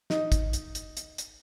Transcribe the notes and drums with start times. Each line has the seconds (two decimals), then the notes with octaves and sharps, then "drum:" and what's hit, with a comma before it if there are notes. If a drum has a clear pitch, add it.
0.10 D#4, drum: snare
0.32 drum: kick, hi-hat
0.53 drum: hi-hat
0.75 drum: hi-hat
0.97 drum: hi-hat
1.18 drum: hi-hat